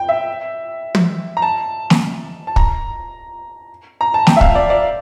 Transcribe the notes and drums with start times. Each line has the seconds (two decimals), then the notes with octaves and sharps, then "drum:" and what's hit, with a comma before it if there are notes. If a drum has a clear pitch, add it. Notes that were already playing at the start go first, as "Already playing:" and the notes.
Already playing: G5
0.09 E5
0.95 drum: tom
1.37 A#5
1.42 A5
1.90 drum: snare
2.47 A5
2.56 A#5, drum: kick
4.01 A#5
4.14 A5
4.27 G5, drum: snare
4.37 E5
4.41 F5, drum: kick
4.55 D5
4.70 D5